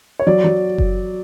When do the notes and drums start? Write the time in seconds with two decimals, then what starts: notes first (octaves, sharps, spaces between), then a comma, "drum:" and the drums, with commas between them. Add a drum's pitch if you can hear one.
0.19 C#5
0.27 F#3 D5
0.44 F#3
0.78 drum: kick F#1